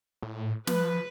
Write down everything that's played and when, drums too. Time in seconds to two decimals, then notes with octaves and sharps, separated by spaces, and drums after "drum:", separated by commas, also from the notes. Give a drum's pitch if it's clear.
0.23 A2
0.67 F3 B4, drum: snare